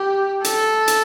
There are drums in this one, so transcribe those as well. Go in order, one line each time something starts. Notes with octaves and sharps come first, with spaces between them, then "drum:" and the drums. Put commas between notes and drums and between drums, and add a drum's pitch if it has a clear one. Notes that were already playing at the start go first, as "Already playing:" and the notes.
Already playing: G4
A4, drum: hi-hat
drum: hi-hat